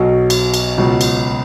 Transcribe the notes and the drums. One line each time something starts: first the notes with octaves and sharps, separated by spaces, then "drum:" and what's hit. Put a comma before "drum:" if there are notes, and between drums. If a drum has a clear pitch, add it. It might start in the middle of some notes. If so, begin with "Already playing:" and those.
Already playing: B1 B2 F#3
drum: cymbal
drum: cymbal
C#2 B2 F#3 B3
drum: cymbal